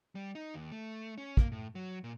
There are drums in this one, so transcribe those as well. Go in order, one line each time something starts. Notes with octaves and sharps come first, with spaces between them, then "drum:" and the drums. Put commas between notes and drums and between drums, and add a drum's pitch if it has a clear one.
G3
D#4
D#2
A3
C#4
A#3, drum: kick
A2
F#3
A#2